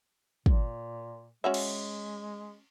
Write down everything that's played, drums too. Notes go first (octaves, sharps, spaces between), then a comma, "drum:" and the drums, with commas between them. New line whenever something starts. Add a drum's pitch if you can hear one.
A#2, drum: kick
G#3 C#4 F#4 E5
drum: cymbal